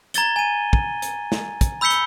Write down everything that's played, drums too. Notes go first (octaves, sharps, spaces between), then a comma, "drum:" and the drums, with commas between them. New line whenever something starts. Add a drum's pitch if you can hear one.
A#5 G#6 A6 G7, drum: hi-hat
G#5 D#7
drum: kick
drum: hi-hat
drum: snare
drum: kick, hi-hat
B5 E6 G6 B6 C#7 G7
drum: hi-hat